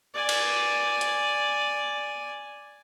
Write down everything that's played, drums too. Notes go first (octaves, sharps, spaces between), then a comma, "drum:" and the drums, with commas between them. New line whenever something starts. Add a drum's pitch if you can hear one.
D5 G#5
drum: cymbal
drum: hi-hat